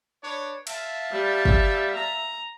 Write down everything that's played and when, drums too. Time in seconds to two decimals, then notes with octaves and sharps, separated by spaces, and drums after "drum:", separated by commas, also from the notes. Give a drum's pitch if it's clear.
0.22 D4 B4 C#5
0.67 E5 F5 A5, drum: cymbal
1.12 G3
1.45 drum: kick
1.96 A#5